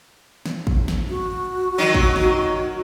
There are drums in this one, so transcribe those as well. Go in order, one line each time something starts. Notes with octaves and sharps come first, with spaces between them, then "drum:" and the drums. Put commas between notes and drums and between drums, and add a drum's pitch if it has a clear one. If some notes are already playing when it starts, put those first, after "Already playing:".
drum: snare
drum: kick
drum: snare
F#4
D#3 F#3 D#4
drum: kick
drum: snare